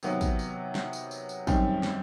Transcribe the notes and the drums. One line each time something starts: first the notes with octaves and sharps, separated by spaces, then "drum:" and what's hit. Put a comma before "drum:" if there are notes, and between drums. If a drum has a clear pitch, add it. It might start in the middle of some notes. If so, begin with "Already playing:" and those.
C3 D#3 F#3 B3, drum: tambourine
drum: kick, tambourine
drum: tambourine
drum: snare
drum: tambourine
drum: tambourine
drum: tambourine
F#2 D#3 G3 C4, drum: kick, tambourine
drum: tom
drum: snare